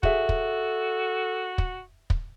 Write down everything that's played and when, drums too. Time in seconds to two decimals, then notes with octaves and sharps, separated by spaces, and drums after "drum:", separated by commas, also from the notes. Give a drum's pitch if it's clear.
0.03 F#4 G#4 A4 E5, drum: kick
0.29 drum: kick
1.58 drum: kick
2.10 drum: kick